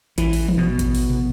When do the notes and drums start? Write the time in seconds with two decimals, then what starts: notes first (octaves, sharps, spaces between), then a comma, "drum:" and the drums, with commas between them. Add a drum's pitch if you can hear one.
0.18 E3, drum: kick A1, hi-hat
0.33 drum: open hi-hat
0.48 drum: tom E3
0.57 B2
0.79 drum: kick A1, hi-hat
0.95 drum: open hi-hat
1.10 drum: tom